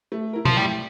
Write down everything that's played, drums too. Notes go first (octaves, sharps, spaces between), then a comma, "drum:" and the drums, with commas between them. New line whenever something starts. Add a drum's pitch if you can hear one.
A3
E4 A#4
F3, drum: tom B2
A2 G3